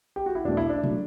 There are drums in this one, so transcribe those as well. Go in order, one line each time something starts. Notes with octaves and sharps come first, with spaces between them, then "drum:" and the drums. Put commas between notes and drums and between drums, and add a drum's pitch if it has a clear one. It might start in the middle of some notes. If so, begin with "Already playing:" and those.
G4
F#4
E4
E2 B2 A3 D4
E4
D4
F#3 A3, drum: tom B2